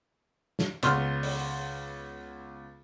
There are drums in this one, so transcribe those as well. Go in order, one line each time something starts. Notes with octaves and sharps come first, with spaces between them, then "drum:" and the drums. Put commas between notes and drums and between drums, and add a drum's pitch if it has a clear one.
drum: snare
C#2 B3 C6 F6, drum: hi-hat
drum: open hi-hat